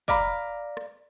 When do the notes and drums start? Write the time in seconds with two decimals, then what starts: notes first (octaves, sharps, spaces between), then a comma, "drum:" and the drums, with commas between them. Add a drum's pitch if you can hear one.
0.08 D5 F5 A#5 B5, drum: kick
0.77 drum: rim click